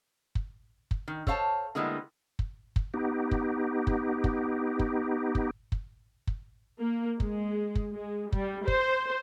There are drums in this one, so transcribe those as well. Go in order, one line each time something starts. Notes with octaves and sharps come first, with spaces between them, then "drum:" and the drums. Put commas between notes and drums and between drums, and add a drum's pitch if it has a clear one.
drum: kick
drum: kick
D#3
A4 C5 C#5 F5 A5, drum: kick
D3 G3 G#3 A#3 B3 E4
drum: kick
drum: kick
B3 D#4 G4
drum: kick
drum: kick
drum: kick
drum: kick
drum: kick
drum: kick
drum: kick
A#3
G#3, drum: kick
drum: kick
G#3
G3, drum: kick
C5, drum: kick